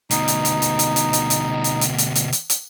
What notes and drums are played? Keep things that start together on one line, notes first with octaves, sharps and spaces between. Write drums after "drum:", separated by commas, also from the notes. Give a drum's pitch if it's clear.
D2 B2 D#4, drum: hi-hat
drum: hi-hat
drum: hi-hat
drum: hi-hat
drum: hi-hat
drum: hi-hat
drum: hi-hat
drum: hi-hat
drum: hi-hat
drum: hi-hat
drum: hi-hat
drum: hi-hat
drum: hi-hat
drum: hi-hat